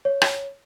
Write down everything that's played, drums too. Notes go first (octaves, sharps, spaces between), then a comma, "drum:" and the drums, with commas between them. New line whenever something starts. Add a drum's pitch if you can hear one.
C#5
drum: rim click